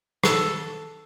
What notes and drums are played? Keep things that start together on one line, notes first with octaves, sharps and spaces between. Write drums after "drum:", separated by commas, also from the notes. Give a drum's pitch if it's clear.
A4, drum: rim click